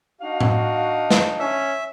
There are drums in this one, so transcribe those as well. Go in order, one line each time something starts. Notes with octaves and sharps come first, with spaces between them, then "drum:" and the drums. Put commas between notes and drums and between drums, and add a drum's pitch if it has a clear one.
D4 D#4 F#4 F5
drum: tom A2
drum: snare
C#4 E5